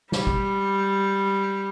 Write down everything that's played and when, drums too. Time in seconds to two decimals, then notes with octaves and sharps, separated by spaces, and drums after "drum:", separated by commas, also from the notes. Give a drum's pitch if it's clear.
0.12 G3, drum: snare
0.27 drum: kick